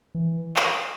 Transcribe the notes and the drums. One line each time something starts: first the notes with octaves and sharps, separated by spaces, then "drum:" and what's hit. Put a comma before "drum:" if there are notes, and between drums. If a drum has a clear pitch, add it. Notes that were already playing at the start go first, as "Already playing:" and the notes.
E3
drum: clap